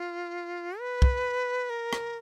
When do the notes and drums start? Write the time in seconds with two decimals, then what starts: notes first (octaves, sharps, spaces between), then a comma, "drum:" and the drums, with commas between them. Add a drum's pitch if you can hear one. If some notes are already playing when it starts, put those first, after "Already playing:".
Already playing: F4
0.79 B4
1.02 drum: kick
1.70 A#4
1.93 drum: rim click